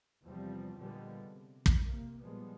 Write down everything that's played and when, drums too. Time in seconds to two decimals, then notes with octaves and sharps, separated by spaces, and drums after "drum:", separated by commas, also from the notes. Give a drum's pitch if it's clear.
0.24 E2 C3 F3 G3 C4
0.77 A#2 D3 F3 G3 G#3 B3
1.22 C3
1.66 drum: kick
1.84 C3 A#3
2.21 A#2 F3 G3 G#3 B3